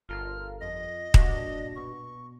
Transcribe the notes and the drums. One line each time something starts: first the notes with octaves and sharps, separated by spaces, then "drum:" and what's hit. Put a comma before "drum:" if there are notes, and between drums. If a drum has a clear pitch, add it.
G1 F4 A4 A#4 F6
F2 D#5 A#6
G2 A#2 D4 F#4, drum: kick D#1
B2 C#6